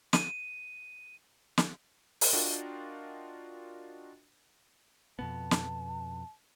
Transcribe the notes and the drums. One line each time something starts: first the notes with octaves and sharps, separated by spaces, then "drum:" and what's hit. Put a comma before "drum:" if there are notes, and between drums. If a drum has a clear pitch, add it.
D#7, drum: snare
drum: snare
drum: open hi-hat
D4 F4 F#4 A#4 D#5 G5
F2 B2 B3 A5
drum: snare